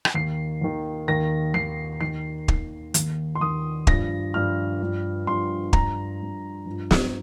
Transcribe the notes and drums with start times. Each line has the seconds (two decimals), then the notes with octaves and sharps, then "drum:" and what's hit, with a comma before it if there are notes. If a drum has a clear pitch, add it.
0.05 drum: rim click
0.14 D#2 D#3 C7
0.61 D#2 D#3
1.08 D#2 D#3 A#6
1.54 D#2 D#3 C7
2.01 D#2 D#3 C7
2.48 D#2 D#3, drum: kick
2.94 D#2 D#3, drum: hi-hat
3.35 C6
3.41 D#2 D#3 D#6
3.87 G2 F3 A#6, drum: kick
4.34 G2 F3 F6
4.81 G2 F3
5.27 G2 F3 C6
5.73 G2 F3 A#5, drum: kick
6.20 G2 F3
6.66 G2 F3
6.91 drum: snare